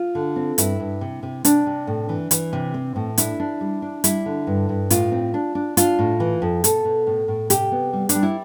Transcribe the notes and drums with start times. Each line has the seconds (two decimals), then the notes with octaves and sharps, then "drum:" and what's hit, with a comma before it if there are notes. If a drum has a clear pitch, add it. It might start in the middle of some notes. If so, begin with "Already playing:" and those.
Already playing: F4
0.15 D3
0.36 C4
0.58 G2 E4, drum: hi-hat
0.80 G2
1.01 C3
1.23 C3
1.45 C3 D4, drum: hi-hat
1.66 C3
1.87 A2
2.09 E3
2.31 E3, drum: hi-hat
2.53 C3
2.74 C4
2.96 A2
3.18 D4 E4, drum: hi-hat
3.40 D4
3.61 G3
3.82 D4
4.04 G3 E4, drum: hi-hat
4.26 D3
4.47 G2
4.69 G2
4.90 A2 F4, drum: hi-hat
5.12 C4
5.34 D4
5.55 D4
5.77 D4 F4, drum: hi-hat
5.99 A2
6.20 E3
6.42 F2
6.64 B2 A4, drum: hi-hat
6.85 B2
7.07 A2
7.28 A2
7.50 C3 G4, drum: hi-hat
7.72 B3
7.93 G3
8.09 D4, drum: hi-hat
8.15 G3
8.23 E4